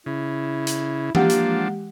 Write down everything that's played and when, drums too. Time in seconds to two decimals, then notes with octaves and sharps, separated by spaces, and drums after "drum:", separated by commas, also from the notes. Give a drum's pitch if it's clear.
0.06 C#3 E4
0.67 drum: hi-hat
1.15 F3 G#3 A#3 D4 G4 F#5, drum: tom E3
1.30 drum: hi-hat